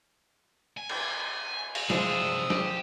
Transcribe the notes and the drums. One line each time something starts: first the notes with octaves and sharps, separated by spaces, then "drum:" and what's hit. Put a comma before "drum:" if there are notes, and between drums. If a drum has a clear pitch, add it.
G#5
drum: cymbal
drum: open hi-hat
C3 F3 G#3 D4 D#6 E6, drum: snare
G4, drum: snare